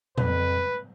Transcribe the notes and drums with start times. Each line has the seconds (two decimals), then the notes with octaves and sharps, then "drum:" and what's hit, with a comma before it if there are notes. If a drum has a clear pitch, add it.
0.18 F2 B4, drum: tom A#2